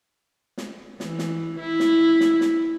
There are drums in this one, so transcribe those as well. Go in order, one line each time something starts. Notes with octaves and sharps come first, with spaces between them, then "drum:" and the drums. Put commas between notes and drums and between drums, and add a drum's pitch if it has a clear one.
drum: snare
E3, drum: snare
drum: snare
E4
drum: snare
drum: snare
drum: snare